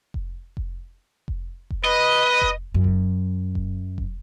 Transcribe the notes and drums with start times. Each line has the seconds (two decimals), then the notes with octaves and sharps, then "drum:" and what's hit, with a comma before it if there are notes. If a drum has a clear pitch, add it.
0.14 drum: kick F1
0.57 drum: kick F1
1.28 drum: kick F1
1.70 drum: kick F1
1.85 B4 D#5
2.42 drum: kick F1
2.74 F#2
2.84 drum: kick F1
3.55 drum: kick F1
3.98 drum: kick F1